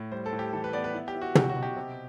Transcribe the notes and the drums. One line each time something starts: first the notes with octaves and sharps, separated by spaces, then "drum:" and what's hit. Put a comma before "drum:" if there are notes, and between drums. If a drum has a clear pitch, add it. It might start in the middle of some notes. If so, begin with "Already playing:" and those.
Already playing: A2
G3 C5
A4
A2
G4
E3 A4
B4
B3 D5
B4
E4
G4
E4
F#4
F#3 G4, drum: tom
F#4
B2
G4
C3